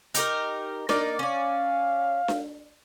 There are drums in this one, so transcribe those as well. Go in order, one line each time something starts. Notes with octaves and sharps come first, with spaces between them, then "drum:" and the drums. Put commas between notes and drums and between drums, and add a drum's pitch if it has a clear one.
D#4 G4 A#4, drum: hi-hat
A#3 D#4 D5, drum: snare D4
C#4 D5 F5
drum: snare D4